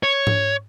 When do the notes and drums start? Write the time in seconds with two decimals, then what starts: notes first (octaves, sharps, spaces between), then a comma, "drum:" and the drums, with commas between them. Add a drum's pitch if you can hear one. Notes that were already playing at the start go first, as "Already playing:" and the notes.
0.03 C#5
0.27 drum: tom G#2